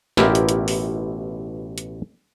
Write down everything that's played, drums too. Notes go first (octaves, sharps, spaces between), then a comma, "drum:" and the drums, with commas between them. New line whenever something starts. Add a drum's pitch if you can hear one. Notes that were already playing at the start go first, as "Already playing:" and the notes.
A1 B2 E4 F4 G4 A#4, drum: snare
drum: hi-hat
drum: hi-hat
drum: open hi-hat
drum: hi-hat